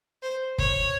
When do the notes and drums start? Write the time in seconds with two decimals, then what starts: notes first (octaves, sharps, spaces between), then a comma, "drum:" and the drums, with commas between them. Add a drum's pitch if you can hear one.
0.22 C5
0.58 C#5, drum: kick